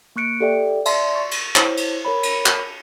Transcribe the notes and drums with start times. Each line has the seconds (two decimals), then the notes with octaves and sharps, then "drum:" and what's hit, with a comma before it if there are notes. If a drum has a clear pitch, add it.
0.16 A#3 C#6 F#6 C#7 D7
0.40 G4 A4 D5 E5 G5
0.85 D5 E5 A5 C6, drum: cymbal
1.15 C#6 A6
1.31 drum: cymbal
1.56 E4 C5 C#5, drum: clap
1.77 drum: cymbal
2.05 A#4 C#5 B5
2.23 drum: cymbal
2.46 drum: clap